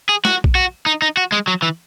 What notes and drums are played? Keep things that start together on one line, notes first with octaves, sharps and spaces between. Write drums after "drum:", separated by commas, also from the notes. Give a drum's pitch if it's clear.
G#4
F#4, drum: snare
drum: kick A#1
F#4
D#4
D#4
F#4
G#3
F#3
E3